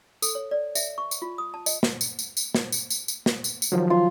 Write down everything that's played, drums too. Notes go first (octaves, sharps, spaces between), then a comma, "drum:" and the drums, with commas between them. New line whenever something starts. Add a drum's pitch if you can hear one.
A4, drum: tambourine
C#5
D5
E5, drum: tambourine
C#6
drum: tambourine
F4
D#6
A5
D#5, drum: tambourine
drum: snare
drum: tambourine
drum: tambourine
drum: tambourine
drum: snare
drum: tambourine
drum: tambourine
drum: tambourine
drum: snare
drum: tambourine
drum: tambourine
D#3 F3 F#3
F4